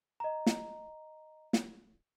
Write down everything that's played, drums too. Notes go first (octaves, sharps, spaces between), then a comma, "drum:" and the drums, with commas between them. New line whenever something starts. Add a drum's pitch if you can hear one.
D#5 A#5
drum: snare
drum: snare